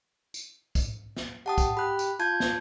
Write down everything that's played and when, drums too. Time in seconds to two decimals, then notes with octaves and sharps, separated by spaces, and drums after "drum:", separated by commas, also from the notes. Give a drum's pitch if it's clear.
0.34 drum: tambourine
0.75 drum: kick, tambourine
1.16 drum: snare
1.46 G4 F#5 A5 D#6
1.58 drum: kick, tambourine
1.77 G4 B5 F#6
1.99 drum: tambourine
2.20 F4 A5 G6 G#6
2.40 drum: snare